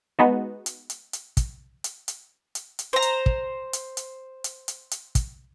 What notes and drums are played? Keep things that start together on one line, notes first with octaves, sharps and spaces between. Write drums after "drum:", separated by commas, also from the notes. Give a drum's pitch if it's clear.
G#3 B3 D#4 F#4
drum: hi-hat
drum: hi-hat
drum: hi-hat
drum: kick, hi-hat
drum: hi-hat
drum: hi-hat
drum: hi-hat
drum: hi-hat
C5 A#5
drum: hi-hat
drum: kick
drum: hi-hat
drum: hi-hat
drum: hi-hat
drum: hi-hat
drum: hi-hat
drum: kick, hi-hat